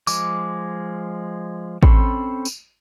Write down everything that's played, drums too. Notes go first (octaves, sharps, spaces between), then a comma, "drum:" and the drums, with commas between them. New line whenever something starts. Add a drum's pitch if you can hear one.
F3 G#3 D6, drum: tambourine
C4 C#4 A4 B5 C6, drum: kick A1
drum: tambourine